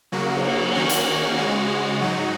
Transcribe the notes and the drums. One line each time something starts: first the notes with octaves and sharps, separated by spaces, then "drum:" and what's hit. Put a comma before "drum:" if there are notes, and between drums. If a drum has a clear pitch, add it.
C#3 F#3 A#3 F#4
drum: cymbal
D#3 A#3 C#4 F#4
drum: hi-hat
C#3 G#3 F#4
G#2 F#3 D#4 F#4